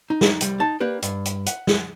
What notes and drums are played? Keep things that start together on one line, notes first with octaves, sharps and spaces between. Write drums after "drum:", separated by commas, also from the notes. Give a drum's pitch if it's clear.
D#4
drum: snare
C2 G3, drum: hi-hat
D#4 A5
A#3 D4 G4 B4
G2, drum: hi-hat
drum: hi-hat
F#5, drum: hi-hat
drum: snare